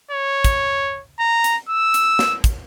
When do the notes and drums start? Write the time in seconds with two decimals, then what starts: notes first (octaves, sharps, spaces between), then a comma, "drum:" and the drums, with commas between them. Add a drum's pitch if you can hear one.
0.11 C#5
0.44 drum: kick, hi-hat
1.19 A#5
1.44 drum: hi-hat
1.69 E6
1.94 drum: hi-hat
2.19 drum: snare
2.44 drum: kick, hi-hat